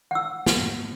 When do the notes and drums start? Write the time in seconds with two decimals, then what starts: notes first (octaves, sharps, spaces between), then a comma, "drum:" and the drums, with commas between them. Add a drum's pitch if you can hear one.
0.11 F#5 E6
0.46 drum: snare